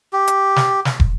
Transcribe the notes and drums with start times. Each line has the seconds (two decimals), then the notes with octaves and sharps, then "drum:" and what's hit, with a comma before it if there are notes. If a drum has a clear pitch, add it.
0.13 G4
0.27 drum: hi-hat
0.56 drum: snare
0.85 drum: snare
1.00 drum: kick